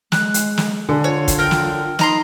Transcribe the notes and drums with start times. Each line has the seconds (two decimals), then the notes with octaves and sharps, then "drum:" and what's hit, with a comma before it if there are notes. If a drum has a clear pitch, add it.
0.12 G#3 F#6, drum: snare
0.34 drum: hi-hat
0.58 drum: snare
0.89 D3 G#5
1.04 F4 C#5
1.28 drum: kick, hi-hat
1.38 A#4 G5
1.51 drum: snare
1.99 D#4 D#5 A#5 C6, drum: snare